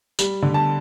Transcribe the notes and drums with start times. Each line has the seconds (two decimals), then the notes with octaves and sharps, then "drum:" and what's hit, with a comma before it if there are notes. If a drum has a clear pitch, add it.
0.19 G3, drum: tambourine
0.42 D3
0.54 A5